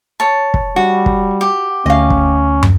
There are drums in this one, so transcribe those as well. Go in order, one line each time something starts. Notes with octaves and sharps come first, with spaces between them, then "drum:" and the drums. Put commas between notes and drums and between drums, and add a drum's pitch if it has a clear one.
C#5 A5
drum: kick
G3 F#4
drum: kick
G4
D2 C#4 D#5 F5
drum: kick
drum: tom